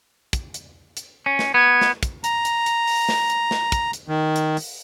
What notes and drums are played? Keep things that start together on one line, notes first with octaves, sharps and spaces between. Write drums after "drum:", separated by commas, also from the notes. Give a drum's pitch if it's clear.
drum: kick, hi-hat
drum: hi-hat
drum: hi-hat
C#4
drum: snare
B3 G#6
drum: snare
drum: kick, hi-hat
A#5, drum: hi-hat
drum: hi-hat
drum: hi-hat
drum: open hi-hat
drum: snare
drum: hi-hat
drum: snare
drum: kick, hi-hat
drum: hi-hat
D#3
drum: hi-hat
drum: open hi-hat